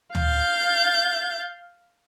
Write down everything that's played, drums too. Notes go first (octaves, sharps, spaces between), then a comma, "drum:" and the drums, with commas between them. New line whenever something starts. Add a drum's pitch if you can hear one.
F5 G6 A6, drum: tom